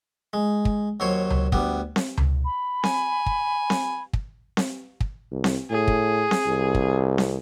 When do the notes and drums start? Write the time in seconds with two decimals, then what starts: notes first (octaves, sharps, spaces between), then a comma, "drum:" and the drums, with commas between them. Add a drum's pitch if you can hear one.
0.33 G#3
0.65 drum: kick
1.00 D#2 F#3 C5 C#5
1.31 drum: tom C#2
1.52 D2 G3 B3, drum: kick
1.96 drum: snare C4
2.18 drum: tom C#2
2.45 B5
2.84 G#5, drum: snare C4
3.26 drum: kick
3.70 drum: snare C4
4.13 drum: kick
4.57 drum: snare C4
5.00 drum: kick
5.32 C2
5.44 drum: snare C4
5.71 A2 G#4
5.88 drum: kick
6.31 drum: snare C4
6.47 C2
6.75 drum: kick
7.18 drum: snare C4